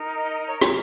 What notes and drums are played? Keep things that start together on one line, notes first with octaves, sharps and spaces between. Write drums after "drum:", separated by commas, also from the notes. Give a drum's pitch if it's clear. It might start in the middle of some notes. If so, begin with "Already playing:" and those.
Already playing: D#4 A#4
D#5
C#5
C#5, drum: rim click